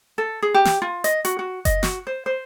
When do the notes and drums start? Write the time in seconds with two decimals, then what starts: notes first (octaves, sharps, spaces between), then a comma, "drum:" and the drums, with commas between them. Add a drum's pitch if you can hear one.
0.18 A4
0.42 G#4
0.54 G4
0.65 drum: snare
0.82 F4
1.04 D#5, drum: hi-hat
1.25 F#4, drum: hi-hat
1.39 F#4
1.65 D#5, drum: kick F#1, hi-hat
1.83 F#4, drum: snare
2.07 C5
2.26 C5